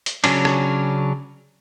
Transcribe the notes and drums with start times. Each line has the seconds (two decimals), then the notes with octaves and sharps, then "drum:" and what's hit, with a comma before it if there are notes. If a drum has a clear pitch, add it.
0.06 drum: hi-hat
0.24 C#3 F#3 C#4 D4, drum: cymbal
0.45 drum: rim click